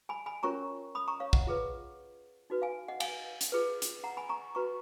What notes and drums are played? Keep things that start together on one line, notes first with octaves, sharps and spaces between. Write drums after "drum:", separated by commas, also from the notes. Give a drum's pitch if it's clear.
G#5 B5
G#5 B5
C#4 F4 A#4 C#5 A#5 C#6
B5 D#6
A#5 C#6
C#5 F5
D#5 F#5, drum: kick
F4 G#4 B4
D#4 F#4 B4
F5 G#5
D#5 F#5
F5 G#5, drum: cymbal
drum: hi-hat
F4 G#4 B4
drum: hi-hat
F#5 A#5
G#5 B5
A#5 C#6
F#4 B4 A#5 C#6